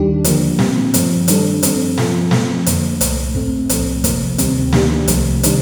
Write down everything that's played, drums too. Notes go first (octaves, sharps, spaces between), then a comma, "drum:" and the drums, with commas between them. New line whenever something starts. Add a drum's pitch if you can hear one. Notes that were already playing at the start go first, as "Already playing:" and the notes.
Already playing: D#2 D#3 G3 D4 G4
D3 F3 A#3, drum: hi-hat
A#2 G3 C4, drum: snare
G2 F3 A3 C4, drum: hi-hat
D#3 G3 D4 A4, drum: hi-hat
G2 F3 C4, drum: hi-hat
F3 C4 F4 A4, drum: snare
F3 A3 C4, drum: snare
F2 D3 F3 A#3, drum: hi-hat
C2 A#2 A3, drum: hi-hat
A2 A3 C4, drum: kick
C2 A#2 F3 A3 C4, drum: hi-hat
C3 F3 A#3, drum: kick, hi-hat
D2 C3 D#3 G3 C4, drum: hi-hat
D#3 A#3 D4 G4, drum: snare
C2 C3 F3 A3, drum: hi-hat
C3 D#3 G3 D4, drum: hi-hat